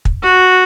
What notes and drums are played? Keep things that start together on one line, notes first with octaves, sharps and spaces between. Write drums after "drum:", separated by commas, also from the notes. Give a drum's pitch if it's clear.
drum: kick
F#4